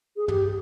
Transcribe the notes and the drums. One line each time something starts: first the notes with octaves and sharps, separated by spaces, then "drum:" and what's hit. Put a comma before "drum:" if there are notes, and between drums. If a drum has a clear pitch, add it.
G#4
G4, drum: tom